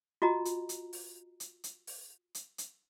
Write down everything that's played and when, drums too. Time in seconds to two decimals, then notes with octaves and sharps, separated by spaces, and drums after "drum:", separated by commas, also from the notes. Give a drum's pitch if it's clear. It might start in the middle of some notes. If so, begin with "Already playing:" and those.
0.22 F4 F#4 D#5 A#5
0.45 drum: hi-hat
0.69 drum: hi-hat
0.93 drum: open hi-hat
1.40 drum: hi-hat
1.64 drum: hi-hat
1.87 drum: open hi-hat
2.35 drum: hi-hat
2.58 drum: hi-hat